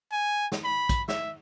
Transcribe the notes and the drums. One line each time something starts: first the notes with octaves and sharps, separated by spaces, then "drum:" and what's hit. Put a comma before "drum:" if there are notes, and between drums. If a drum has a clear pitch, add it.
G#5
drum: snare
B5
drum: kick, hi-hat
E5, drum: snare